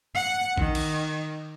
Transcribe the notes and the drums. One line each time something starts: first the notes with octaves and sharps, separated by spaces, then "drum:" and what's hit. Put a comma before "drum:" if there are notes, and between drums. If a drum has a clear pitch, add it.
F#5
D#3, drum: kick A#1
drum: cymbal